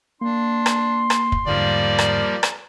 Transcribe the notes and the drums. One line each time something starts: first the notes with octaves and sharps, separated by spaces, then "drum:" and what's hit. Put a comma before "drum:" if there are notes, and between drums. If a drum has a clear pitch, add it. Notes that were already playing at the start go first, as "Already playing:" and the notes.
A#3 D4 C6
drum: rim click
drum: rim click
drum: kick
E2 G#2 D3 F3 G3 A#3 D5
drum: rim click
drum: rim click